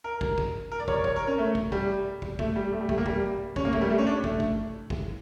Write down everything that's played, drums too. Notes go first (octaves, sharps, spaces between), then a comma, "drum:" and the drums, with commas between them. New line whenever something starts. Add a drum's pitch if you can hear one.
A#4
drum: kick
drum: kick
A#4
D5
C#5, drum: kick
A#4
C#5, drum: kick
A#4
C#4
A3
drum: kick
G3, drum: kick
drum: kick
A3, drum: kick
G3
A3
G3
A3, drum: kick
A#3
G3, drum: kick
C#4, drum: kick
A#3
A3, drum: kick
G3
A3
C#4
D4
A3, drum: kick
drum: kick
drum: kick